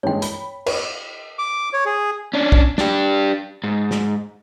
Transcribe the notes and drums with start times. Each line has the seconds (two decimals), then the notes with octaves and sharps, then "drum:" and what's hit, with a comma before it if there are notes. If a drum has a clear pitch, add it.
0.03 G2 E3 G#3 C#5 G5
0.22 B5, drum: hi-hat
0.66 B4 C#5, drum: cymbal
1.39 D6
1.73 C#5
1.86 G#4
2.33 C#4 D4
2.52 drum: kick
2.78 D4 G4, drum: snare
3.64 G#2
3.91 drum: snare